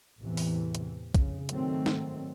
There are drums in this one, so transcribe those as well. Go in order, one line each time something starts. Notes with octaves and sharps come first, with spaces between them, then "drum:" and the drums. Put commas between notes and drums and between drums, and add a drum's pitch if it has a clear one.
A1 E2 C3 E3
drum: open hi-hat
drum: hi-hat
F1 C#3, drum: kick, hi-hat
G#2 D#3 F#3 A3 C4, drum: hi-hat
drum: snare